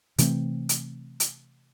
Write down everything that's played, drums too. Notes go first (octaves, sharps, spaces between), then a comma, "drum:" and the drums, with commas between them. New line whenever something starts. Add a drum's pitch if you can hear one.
C3 E3 A3 C4, drum: hi-hat
drum: hi-hat
drum: hi-hat